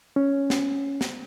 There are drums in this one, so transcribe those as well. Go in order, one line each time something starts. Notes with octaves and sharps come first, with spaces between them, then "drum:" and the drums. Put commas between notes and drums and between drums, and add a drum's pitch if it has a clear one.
C#4
drum: snare
drum: snare